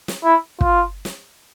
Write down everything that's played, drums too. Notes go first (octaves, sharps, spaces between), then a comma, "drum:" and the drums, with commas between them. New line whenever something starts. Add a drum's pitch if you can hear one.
drum: snare
E4
F4, drum: kick
drum: snare